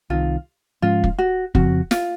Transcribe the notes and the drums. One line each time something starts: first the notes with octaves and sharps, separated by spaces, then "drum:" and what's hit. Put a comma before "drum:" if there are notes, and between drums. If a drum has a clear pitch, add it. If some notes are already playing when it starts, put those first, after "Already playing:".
C2 C3 D#3 F4
G#2 F3 G#3 C#4 F4
drum: kick
F#4
F2 C#3 F3 C4 F#4, drum: kick
F4, drum: snare